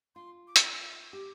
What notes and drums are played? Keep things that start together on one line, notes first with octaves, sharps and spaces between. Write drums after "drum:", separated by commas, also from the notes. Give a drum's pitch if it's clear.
F4 C6
D6
C6, drum: hi-hat
A#5
F5
E5
G4 D6